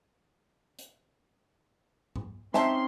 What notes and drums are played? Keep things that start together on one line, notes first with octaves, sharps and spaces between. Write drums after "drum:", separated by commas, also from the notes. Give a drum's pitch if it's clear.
drum: hi-hat
drum: tom G#2
C4 C#4 D#4 E5 A5 C6, drum: snare